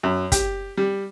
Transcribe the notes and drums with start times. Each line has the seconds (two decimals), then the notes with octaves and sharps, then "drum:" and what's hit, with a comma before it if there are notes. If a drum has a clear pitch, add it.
0.03 F#2
0.32 G4, drum: kick, hi-hat
0.77 G3